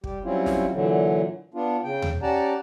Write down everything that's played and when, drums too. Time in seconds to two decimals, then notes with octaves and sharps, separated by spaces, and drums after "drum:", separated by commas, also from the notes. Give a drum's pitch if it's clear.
0.04 G3 G4, drum: kick
0.24 F#3 G3 C4 C#4 E4 F4
0.46 drum: snare
0.72 A#2 D3 E3 F#3
1.54 B3 D4 F4
1.83 C#3 G5
2.02 drum: tom D#2
2.22 C#4 G4 D5 F#5 A5 A#5